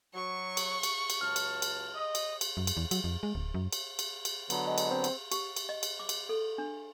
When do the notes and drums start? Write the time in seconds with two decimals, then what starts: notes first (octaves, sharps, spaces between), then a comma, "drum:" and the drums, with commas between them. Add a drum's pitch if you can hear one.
0.14 F#3 C#6
0.57 drum: cymbal
0.83 drum: cymbal
1.10 drum: cymbal
1.21 C#2 F#3 A5 F6
1.36 drum: cymbal
1.62 drum: cymbal
1.95 D#5
2.15 drum: cymbal
2.41 drum: cymbal
2.57 F#2
2.67 drum: cymbal
2.77 E2
2.91 F#3, drum: cymbal
3.04 F2
3.23 G#3
3.35 D1
3.54 F#2
3.73 drum: cymbal
3.99 drum: cymbal
4.25 drum: cymbal
4.50 D3 F#3 B3, drum: cymbal
4.67 G#3
4.78 drum: cymbal
4.91 C4
5.04 drum: cymbal
5.32 G4, drum: cymbal
5.57 drum: cymbal
5.69 D#5
5.83 drum: cymbal
5.99 D6
6.09 drum: cymbal
6.29 A4
6.58 D4